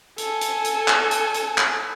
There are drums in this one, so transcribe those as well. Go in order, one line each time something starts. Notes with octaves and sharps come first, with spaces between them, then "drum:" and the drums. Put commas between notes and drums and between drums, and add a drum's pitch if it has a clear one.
A4 G#5, drum: hi-hat
drum: hi-hat
drum: hi-hat
drum: clap
drum: hi-hat
drum: hi-hat
drum: clap